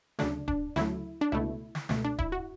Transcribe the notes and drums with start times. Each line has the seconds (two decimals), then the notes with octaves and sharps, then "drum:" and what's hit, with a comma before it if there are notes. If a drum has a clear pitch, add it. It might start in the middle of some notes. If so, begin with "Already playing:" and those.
0.19 D2 C#3 F#3 A3 D4, drum: snare
0.48 D4, drum: kick D1
0.76 D2 C#3 F#3 A3 E4, drum: snare
1.21 D4
1.32 C#2 B2 A3 E4
1.75 drum: snare
1.89 C#2 B2 A3, drum: snare
2.05 D4
2.19 E4, drum: kick D1
2.32 F#4